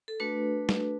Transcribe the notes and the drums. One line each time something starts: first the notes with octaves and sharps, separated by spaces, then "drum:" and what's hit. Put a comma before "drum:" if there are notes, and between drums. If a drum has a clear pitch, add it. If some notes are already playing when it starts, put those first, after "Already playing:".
A4
A3 D4 F#4 B4
drum: snare